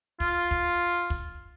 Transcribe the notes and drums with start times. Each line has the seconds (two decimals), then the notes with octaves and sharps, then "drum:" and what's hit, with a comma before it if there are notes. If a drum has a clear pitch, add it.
0.20 F4, drum: kick
0.51 drum: kick
1.10 drum: kick